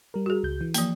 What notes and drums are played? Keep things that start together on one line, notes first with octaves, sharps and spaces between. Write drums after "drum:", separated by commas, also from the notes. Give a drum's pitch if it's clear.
G3 A#4
F#4 G#4
C#2 G6
E3
F3 A#3, drum: hi-hat